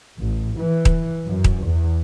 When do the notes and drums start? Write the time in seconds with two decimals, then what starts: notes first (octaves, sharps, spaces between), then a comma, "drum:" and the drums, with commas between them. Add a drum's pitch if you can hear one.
0.18 A1
0.55 E3
0.85 drum: kick D#1
1.25 F#2
1.44 drum: kick D#1
1.65 E2